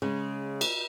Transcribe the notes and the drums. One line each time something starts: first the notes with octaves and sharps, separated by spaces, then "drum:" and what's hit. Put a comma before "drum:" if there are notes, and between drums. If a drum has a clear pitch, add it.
C#3 G#3
drum: cymbal